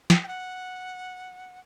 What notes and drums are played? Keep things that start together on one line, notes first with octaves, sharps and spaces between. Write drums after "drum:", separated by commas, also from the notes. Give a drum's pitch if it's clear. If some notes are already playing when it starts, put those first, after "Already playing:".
G5, drum: snare
G5
F#5